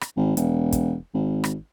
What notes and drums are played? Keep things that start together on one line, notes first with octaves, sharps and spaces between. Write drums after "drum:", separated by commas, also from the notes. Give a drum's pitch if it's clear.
drum: rim click
G#1
E1, drum: hi-hat
drum: kick, hi-hat
G#1
drum: rim click